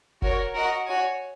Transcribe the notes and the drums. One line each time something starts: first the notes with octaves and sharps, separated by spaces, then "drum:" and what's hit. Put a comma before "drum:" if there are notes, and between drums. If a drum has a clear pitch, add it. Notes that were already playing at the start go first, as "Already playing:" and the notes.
F#4 A#4 C#5, drum: kick F1
F#4 A#4 D#5 F#5
F#4 C#5 G#5